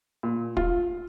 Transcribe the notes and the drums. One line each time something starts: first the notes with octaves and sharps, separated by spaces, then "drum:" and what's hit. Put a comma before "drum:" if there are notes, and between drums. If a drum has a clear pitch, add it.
A#2
F4, drum: kick